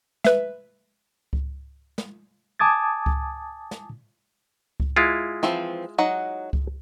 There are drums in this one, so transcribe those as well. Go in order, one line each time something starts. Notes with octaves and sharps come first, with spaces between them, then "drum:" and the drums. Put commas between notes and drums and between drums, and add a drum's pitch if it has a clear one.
B4 E5, drum: snare
drum: kick C#2
drum: snare
G#5 A5 D6 D#6 G#6 A6
drum: kick C#2
drum: snare
drum: kick C#2
G#3 E4 F4
E3 F3 C4, drum: snare
F#3 D#4 F#5
drum: kick C#2